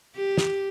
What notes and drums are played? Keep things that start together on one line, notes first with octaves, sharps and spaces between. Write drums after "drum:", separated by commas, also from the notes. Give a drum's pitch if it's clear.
G4
drum: snare